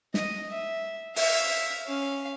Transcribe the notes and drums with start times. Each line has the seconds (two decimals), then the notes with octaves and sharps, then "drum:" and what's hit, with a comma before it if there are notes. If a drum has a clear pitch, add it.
0.14 D#5, drum: snare
0.50 E5
1.16 E5 F5, drum: open hi-hat
1.86 C#4 F5